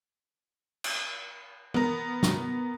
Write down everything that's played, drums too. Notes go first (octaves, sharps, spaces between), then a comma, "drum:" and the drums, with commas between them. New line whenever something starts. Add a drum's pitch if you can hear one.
drum: cymbal
B3 A#4, drum: tom E3
drum: snare